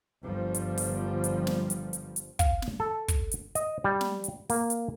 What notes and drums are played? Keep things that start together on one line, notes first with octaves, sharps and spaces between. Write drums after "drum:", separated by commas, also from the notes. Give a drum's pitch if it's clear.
G1 F3 G3
drum: hi-hat
drum: open hi-hat
drum: hi-hat
drum: snare
drum: hi-hat
drum: hi-hat
drum: hi-hat
F5, drum: kick, hi-hat
drum: snare
A4
drum: kick, hi-hat
drum: hi-hat
D#5, drum: hi-hat
G3
drum: snare
drum: hi-hat
A#3, drum: open hi-hat
drum: hi-hat